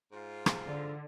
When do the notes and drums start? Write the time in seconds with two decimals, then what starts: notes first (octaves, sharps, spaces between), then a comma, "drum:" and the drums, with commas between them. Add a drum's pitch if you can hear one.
0.12 G#2 F4
0.46 drum: rim click
0.67 D3